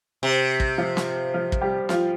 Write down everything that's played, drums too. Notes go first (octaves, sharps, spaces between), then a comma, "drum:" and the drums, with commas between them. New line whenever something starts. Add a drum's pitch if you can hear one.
C3
drum: kick
F3 F4
drum: snare
F3 F4
drum: kick
G3 G4
F3 F4, drum: snare